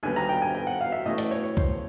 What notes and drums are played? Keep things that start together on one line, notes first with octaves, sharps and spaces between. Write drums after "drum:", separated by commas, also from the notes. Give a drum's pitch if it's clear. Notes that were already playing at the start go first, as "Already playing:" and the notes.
D#2 D3 G3 B3 G#5
A#5
G5
G#5
G5
F#5
F5
E5
A2 E3 A3 C#4 D#5
D5, drum: hi-hat
C#5
C#5
C5, drum: kick C2